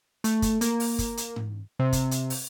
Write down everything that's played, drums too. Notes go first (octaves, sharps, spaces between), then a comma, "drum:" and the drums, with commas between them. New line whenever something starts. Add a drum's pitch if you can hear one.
A3, drum: hi-hat
drum: kick, hi-hat
A#3, drum: hi-hat
drum: open hi-hat
drum: kick, hi-hat
drum: hi-hat
drum: tom G#2
C3
drum: kick, hi-hat
drum: hi-hat
drum: open hi-hat